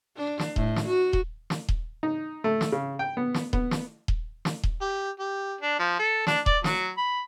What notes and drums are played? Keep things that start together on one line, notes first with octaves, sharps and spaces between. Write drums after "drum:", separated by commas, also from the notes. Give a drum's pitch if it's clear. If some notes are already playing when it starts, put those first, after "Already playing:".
D4
drum: snare
A2, drum: kick D#1
drum: snare
F#4
drum: kick D#1
drum: snare
drum: kick D#1
D#4
A3
drum: snare
C#3
G5
B3
drum: snare
B3, drum: kick D#1
drum: snare
drum: kick D#1
drum: snare
drum: kick D#1
G4
G4
D4
F3
A4
D4, drum: snare
D5, drum: kick D#1
F#3, drum: snare
B5